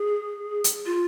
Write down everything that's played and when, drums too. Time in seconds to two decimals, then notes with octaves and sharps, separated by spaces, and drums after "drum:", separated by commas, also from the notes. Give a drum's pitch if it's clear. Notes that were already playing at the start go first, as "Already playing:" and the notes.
Already playing: G#4
0.64 drum: hi-hat
0.86 F4